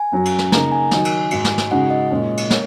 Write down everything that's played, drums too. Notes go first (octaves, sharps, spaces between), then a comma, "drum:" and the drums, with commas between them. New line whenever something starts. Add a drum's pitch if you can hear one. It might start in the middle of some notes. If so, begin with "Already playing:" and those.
Already playing: G#5
F#2 F#3 C#4
drum: cymbal
drum: snare
C#3 A#3 D#4 A#5, drum: snare
G#5
D#3 F#3 D#4 F#4, drum: snare
drum: cymbal
G#2 G#3 D#4 F#4, drum: cymbal
drum: snare
drum: snare
C#3 G#3 D#4 F#4 F#5
D#5
A#2 G#3 C#4
drum: cymbal
A#3 C#5, drum: snare